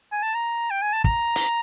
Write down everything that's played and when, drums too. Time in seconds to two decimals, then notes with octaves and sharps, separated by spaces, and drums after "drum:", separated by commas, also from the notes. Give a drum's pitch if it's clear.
0.12 G#5
0.23 A5
0.34 A#5
0.71 G5
0.82 G#5
0.93 A5
1.04 A#5, drum: kick
1.36 drum: hi-hat